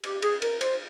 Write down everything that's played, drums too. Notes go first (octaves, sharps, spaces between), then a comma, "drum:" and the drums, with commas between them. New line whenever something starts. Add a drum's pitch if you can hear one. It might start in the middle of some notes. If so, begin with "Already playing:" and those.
G4, drum: cymbal
G#4, drum: cymbal
A#4, drum: cymbal
C5, drum: cymbal